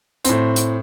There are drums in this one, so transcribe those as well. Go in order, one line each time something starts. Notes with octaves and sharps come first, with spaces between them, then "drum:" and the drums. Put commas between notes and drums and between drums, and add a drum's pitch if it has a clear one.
A2 C4, drum: hi-hat
drum: hi-hat